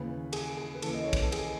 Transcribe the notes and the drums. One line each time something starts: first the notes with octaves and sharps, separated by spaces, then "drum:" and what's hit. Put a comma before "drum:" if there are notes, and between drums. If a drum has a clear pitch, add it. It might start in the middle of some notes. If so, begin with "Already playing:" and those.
Already playing: D#2 C#3 E3 B4
G#4, drum: cymbal
G#4
B4
D#2 C#3 E3 A4, drum: cymbal
D#5
C#5
B4, drum: kick, cymbal
A4
G#4, drum: cymbal